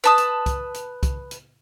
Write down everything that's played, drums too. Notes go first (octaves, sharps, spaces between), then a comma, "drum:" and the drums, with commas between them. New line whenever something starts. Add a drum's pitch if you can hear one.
B4 A5 D#6
drum: hi-hat
drum: kick C2, hi-hat
drum: hi-hat
drum: kick C2, hi-hat
drum: hi-hat